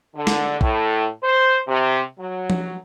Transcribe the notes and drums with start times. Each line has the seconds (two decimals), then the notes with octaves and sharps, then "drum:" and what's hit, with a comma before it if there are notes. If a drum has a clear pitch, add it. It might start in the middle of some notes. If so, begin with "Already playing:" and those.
0.16 D3
0.27 drum: snare
0.61 A2, drum: kick
1.23 C5
1.68 C3
2.19 F#3
2.50 drum: tom F3